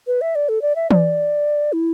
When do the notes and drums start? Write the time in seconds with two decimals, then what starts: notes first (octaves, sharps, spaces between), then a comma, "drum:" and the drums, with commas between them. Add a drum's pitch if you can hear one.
0.07 B4
0.21 E5
0.35 D5
0.49 A4
0.62 D5
0.76 E5
0.91 D5, drum: tom E3
1.73 E4